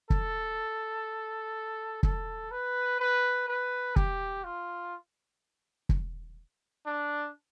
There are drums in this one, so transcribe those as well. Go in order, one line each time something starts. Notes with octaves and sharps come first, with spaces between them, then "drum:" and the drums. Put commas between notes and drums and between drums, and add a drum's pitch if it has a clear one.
A4, drum: kick
A4, drum: kick
B4
B4
B4
G4, drum: kick
F4
drum: kick
D4